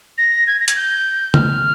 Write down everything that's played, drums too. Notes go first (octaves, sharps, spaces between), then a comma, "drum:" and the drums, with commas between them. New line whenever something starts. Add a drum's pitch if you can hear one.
A#6
G#6
A#6
G#6, drum: hi-hat
G6
F6, drum: tom C#3